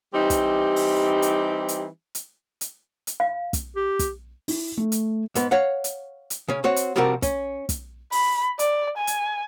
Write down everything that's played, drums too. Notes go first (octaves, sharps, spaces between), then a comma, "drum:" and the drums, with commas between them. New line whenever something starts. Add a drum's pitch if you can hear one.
E3 G3 C4 D#4 G4
drum: kick, hi-hat
drum: open hi-hat
drum: hi-hat
drum: hi-hat
drum: hi-hat
drum: hi-hat
drum: hi-hat
F5
drum: kick, hi-hat
G4
drum: kick, hi-hat
E4, drum: open hi-hat
A3
drum: hi-hat
G#2 B3, drum: hi-hat
C#5 F5 F#5
drum: hi-hat
drum: hi-hat
C#3 C#4
C4 F#4 C#5
drum: hi-hat
C3 F3 G3 C4 F#4 A#4
C#4, drum: kick, hi-hat
drum: kick, hi-hat
B5, drum: open hi-hat
D5, drum: hi-hat
G#5
drum: hi-hat